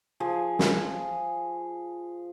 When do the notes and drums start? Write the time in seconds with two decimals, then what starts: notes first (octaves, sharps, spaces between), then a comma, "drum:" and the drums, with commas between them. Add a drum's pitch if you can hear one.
0.20 F3 G#4
0.59 drum: snare